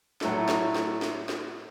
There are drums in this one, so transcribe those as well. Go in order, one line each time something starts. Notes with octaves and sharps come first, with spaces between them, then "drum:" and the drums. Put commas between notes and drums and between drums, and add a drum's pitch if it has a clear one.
A2 F#3 A3 E4 A4, drum: snare
drum: snare
drum: snare
drum: snare
drum: snare